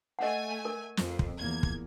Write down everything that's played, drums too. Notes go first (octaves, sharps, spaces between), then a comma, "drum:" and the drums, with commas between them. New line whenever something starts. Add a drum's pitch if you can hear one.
A3 D#5 F#5 G#5
A#4
F2, drum: snare
drum: kick
E2 A#3 G#6
drum: kick